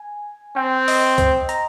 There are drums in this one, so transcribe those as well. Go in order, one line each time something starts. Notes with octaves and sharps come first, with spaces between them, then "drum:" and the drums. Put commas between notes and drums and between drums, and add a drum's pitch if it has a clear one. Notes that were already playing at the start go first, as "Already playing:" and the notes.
Already playing: G#5
C4 G5
D#5, drum: open hi-hat
C5, drum: kick C#2, hi-hat
A#5, drum: hi-hat